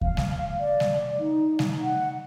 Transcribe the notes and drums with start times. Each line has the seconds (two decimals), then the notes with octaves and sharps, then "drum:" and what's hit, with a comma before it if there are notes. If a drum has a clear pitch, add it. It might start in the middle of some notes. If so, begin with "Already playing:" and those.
0.01 F5, drum: kick D#2
0.17 drum: snare G3
0.60 D5
0.80 drum: snare G3
1.20 D#4
1.59 drum: snare G3
1.83 F#5